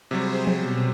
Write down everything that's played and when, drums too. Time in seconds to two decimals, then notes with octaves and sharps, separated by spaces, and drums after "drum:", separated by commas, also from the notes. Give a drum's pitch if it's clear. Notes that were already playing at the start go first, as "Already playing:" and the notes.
0.11 C3 F#3 G3 G#4 C5
0.47 drum: tom F3
0.58 B2